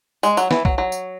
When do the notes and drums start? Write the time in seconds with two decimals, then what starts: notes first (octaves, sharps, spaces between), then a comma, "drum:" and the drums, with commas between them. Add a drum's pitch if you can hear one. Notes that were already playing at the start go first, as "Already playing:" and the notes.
0.23 G#3, drum: tambourine
0.37 F#3, drum: tambourine
0.51 E3, drum: snare
0.65 F#3, drum: kick
0.78 F#3
0.92 drum: tambourine